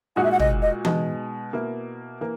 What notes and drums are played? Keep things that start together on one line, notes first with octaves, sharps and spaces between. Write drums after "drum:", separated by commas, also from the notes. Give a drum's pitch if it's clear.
A#2 G#3 D#4 F#4 F#5
E5
F#5
D#5, drum: tom
D#5
B2 G#3 D#4, drum: tom E3
B2 A#3 E4
E3 A#3